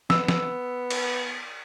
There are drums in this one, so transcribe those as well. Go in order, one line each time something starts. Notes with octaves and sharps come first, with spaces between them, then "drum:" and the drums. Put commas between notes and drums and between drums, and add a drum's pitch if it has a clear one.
B3 E6, drum: snare
drum: snare
drum: cymbal